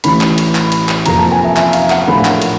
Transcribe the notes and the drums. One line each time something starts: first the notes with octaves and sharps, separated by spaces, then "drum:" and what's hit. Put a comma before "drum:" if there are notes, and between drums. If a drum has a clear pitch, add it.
A1 A2 E3 B5, drum: cymbal
drum: clap
drum: cymbal
drum: clap
drum: cymbal
drum: clap
F2 C3 F3 A#3 A#5, drum: cymbal
A5
G#5
E5
E5, drum: clap
F5, drum: cymbal
F#5, drum: clap
A#1 A2 F3 A#3 B5
drum: clap
drum: cymbal